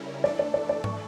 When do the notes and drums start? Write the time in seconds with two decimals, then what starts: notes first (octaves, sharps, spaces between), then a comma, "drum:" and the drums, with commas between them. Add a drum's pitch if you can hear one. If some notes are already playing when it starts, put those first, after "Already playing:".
Already playing: C#3 G3 C#4 E4 A#4
0.24 E3 A3 D4 A4 D5
0.39 D5
0.54 D5
0.69 D5
0.84 C#6, drum: tom G#2